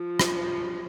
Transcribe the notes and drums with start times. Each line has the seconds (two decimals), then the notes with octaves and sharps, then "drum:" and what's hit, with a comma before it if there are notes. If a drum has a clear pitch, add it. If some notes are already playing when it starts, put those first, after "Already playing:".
Already playing: F3
0.19 drum: rim click